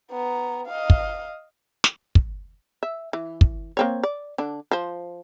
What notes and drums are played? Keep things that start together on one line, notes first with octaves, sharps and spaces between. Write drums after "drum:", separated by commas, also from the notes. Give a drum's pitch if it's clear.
B3 A#5
D#5 F5
drum: kick
drum: snare
drum: kick
E5
E3
drum: kick
A#3 C4 C#5
D5
D3 D4
F3 C5